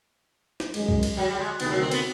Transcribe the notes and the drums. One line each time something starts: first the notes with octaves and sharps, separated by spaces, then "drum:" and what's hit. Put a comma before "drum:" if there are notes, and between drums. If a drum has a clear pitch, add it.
drum: snare
F#2 D#3 G#3, drum: cymbal
drum: kick
drum: cymbal
F#3
G3
G#3
D2 C3 D#3 B3, drum: cymbal
F#3
C4
B3, drum: cymbal